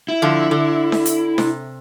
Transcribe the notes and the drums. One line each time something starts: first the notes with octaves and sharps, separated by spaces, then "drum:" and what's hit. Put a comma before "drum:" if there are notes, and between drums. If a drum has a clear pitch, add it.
E4
D3 F3
D3
drum: snare D4
drum: hi-hat
C3, drum: snare D4